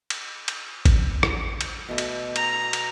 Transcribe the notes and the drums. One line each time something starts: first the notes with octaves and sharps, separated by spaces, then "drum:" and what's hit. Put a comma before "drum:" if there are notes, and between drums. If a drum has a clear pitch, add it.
drum: cymbal
drum: cymbal
drum: kick A1, cymbal
drum: rim click
drum: cymbal
B2 A3
drum: cymbal
A#5, drum: cymbal
drum: cymbal